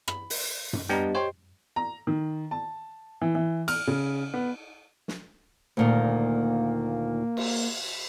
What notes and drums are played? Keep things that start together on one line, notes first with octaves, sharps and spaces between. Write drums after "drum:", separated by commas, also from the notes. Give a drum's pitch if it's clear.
B5, drum: rim click
drum: open hi-hat
drum: tom F#2
G3 B3 D4 G4 D#5 G5 A#5
C5 C#5 G5 C6
A#5
D#3
A5
E3
E3
F6, drum: cymbal
C#3
B3
drum: snare
D2 A#2 D#3 A#3
drum: cymbal